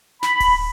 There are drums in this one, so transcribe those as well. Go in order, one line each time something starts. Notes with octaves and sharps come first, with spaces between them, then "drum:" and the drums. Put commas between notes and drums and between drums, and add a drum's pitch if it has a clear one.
B5, drum: snare
drum: kick D1, open hi-hat